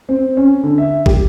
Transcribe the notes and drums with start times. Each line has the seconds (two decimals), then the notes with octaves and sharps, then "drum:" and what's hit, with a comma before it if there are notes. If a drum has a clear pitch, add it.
0.09 C4
0.37 C#4
0.63 D3
0.78 E5
1.06 G4, drum: kick